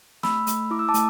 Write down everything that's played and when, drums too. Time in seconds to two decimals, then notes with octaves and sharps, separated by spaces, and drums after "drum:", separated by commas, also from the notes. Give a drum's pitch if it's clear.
0.23 A3 B5 E6, drum: snare
0.47 A3, drum: hi-hat
0.71 E4 D6
0.79 E6
0.89 A5 D6
0.94 A3, drum: hi-hat